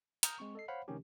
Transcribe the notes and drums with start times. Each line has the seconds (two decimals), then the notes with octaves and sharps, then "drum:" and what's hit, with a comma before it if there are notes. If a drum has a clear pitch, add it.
0.23 A#5 D#6 F6 G6, drum: hi-hat
0.38 G#3 C4 C#6
0.55 A4 D#5 C7
0.68 C5 C#5 F5 F#5 B5
0.88 C3 D#3 F3 A3 C#4 G4